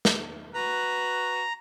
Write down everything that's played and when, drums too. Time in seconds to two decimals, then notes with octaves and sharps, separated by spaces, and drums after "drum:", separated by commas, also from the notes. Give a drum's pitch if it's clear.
0.05 drum: snare
0.55 F#4 B4 A#5